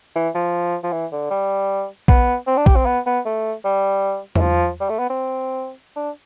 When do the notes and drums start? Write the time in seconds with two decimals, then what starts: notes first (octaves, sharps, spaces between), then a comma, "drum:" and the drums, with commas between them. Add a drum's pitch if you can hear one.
0.15 E3
0.35 F3
0.84 F3
0.92 E3
1.12 D3
1.31 G3
2.08 B3, drum: kick A#1
2.47 C4
2.57 D4
2.66 G4, drum: kick A#1
2.76 C4
2.86 B3
3.06 B3
3.26 A3
3.64 G3
4.36 E3, drum: tom E2
4.41 F3
4.80 G3
4.90 A3
4.99 B3
5.10 C4
5.96 D4